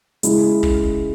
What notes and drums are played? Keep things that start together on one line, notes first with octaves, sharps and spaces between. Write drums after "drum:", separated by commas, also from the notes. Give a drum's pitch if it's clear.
C#3 G#3 E4, drum: hi-hat
drum: kick